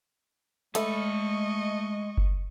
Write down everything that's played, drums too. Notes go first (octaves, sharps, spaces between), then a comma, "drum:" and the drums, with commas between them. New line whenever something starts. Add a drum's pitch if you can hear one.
G#3 A3 A4 D#5 E5 B5 C#6, drum: hi-hat
drum: kick F#1